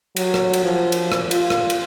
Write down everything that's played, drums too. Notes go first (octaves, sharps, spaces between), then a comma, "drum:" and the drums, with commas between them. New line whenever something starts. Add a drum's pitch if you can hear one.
F#3, drum: cymbal
drum: rim click
drum: cymbal
F3
drum: cymbal
drum: rim click
F4, drum: cymbal
drum: rim click
drum: cymbal